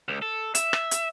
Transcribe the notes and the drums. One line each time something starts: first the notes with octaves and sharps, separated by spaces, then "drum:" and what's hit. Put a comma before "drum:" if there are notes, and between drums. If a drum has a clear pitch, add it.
C#2
A4
E5, drum: hi-hat
drum: rim click
drum: hi-hat